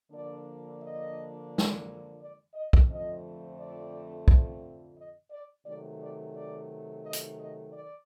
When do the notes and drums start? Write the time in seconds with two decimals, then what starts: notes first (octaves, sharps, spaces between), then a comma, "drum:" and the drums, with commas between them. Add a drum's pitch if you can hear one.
0.11 D3 F3 A#3 D4 D5
0.81 D#5
1.58 drum: snare
2.20 D5
2.54 D#5
2.73 drum: kick
2.88 F2 D3 F3 A3 C4 D#5
3.57 D5
4.28 drum: kick
4.96 D#5
5.31 D5
5.65 C3 D#3 F#3 A3 D5
6.00 D5
6.35 D5
7.03 D#5
7.13 drum: hi-hat
7.38 D#5
7.72 D5